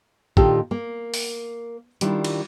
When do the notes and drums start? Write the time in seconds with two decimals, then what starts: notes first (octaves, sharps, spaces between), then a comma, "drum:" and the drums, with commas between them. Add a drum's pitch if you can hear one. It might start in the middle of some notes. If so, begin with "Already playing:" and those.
0.37 A#2 D#3 D4 F4 G4 A4, drum: kick
0.71 A#3
1.14 drum: open hi-hat
2.01 D#3 G3 D4 E4 F4, drum: hi-hat
2.24 drum: cymbal